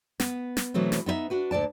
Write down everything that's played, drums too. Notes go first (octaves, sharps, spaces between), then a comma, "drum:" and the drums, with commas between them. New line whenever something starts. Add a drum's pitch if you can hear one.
B3, drum: snare
drum: snare
B2 E3 F#3 A3 C4
drum: snare
B3 D#4 C5 E5
D4 F#4 B4
D2 A#2 D5 A5